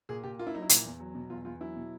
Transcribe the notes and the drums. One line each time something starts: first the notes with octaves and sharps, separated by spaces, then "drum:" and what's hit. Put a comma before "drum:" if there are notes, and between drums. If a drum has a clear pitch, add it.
A#2 G#4
A#2 G4
A#3 F4
E4
F#3 D#4
E4
A#2, drum: hi-hat
E2
F#3
B2
E2 F4
E2 F4
F#3 E4
B2